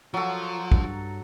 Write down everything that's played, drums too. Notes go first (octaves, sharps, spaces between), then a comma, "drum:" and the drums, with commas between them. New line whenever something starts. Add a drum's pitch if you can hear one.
F3 F#3 A4
G2, drum: kick